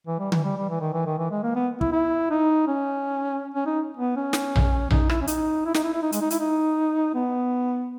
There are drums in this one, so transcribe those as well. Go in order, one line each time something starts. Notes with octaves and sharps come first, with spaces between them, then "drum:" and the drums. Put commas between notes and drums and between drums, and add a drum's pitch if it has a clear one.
E3
G3
E3, drum: tom D3
G3
G3
E3
D#3
E3
D#3
E3
G#3
A#3
B3
E4, drum: kick
E4
D#4
C#4
C#4
D#4
B3
C#4
drum: snare
drum: tom A#1
D#4, drum: tom A#1
E4, drum: rim click
C#4
D#4, drum: hi-hat
E4
D#4, drum: snare
E4
E4
D#4
G#3, drum: hi-hat
D#4
E4, drum: hi-hat
D#4
B3